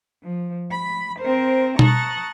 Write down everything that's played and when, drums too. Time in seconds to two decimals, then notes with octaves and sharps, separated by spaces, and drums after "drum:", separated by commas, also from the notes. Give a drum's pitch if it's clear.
0.24 F3
0.72 B5
1.21 C4 A#4 C5
1.79 A5 A#5 C#6 D#6 F#6 A6, drum: tom B2